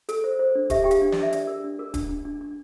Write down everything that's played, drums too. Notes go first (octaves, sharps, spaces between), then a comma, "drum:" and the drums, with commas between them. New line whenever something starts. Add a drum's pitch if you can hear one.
A4, drum: hi-hat
C5
C5
D4
G4 E5, drum: kick D1, hi-hat
G4 G5
F5, drum: hi-hat
D4
D4 D5, drum: snare
E5
D4 D5, drum: hi-hat
A#4
D4
A#4
D4, drum: kick D1, hi-hat
D4
D4
D4